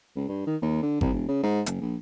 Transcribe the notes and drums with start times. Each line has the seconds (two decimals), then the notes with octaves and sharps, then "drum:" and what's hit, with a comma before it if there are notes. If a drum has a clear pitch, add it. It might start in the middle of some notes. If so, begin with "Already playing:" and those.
0.16 C#2
0.28 G2
0.47 D#3
0.62 D#2
0.82 D3
1.01 C2, drum: kick G#1
1.13 E1
1.28 C#3
1.43 G#2
1.66 F#1, drum: hi-hat
1.81 A#1